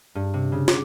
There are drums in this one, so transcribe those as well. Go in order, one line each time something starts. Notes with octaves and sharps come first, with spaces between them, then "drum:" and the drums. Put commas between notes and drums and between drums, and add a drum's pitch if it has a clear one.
G2
C3
C#3
D6, drum: snare